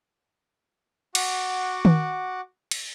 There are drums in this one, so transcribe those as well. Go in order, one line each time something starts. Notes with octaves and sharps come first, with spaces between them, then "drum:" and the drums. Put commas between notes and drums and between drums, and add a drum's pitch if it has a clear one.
F#4 F#5 D6, drum: cymbal
drum: tom D#3
drum: cymbal